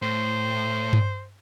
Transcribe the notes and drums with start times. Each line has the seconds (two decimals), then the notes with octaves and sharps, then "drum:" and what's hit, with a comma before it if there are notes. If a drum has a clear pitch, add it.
0.02 A2 C5
0.93 drum: tom G2